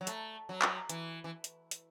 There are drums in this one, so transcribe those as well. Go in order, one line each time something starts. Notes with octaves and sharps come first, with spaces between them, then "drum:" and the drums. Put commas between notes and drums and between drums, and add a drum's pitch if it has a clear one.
F#3
A3, drum: hi-hat
F#3
drum: clap
E3, drum: hi-hat
E3
drum: hi-hat
drum: hi-hat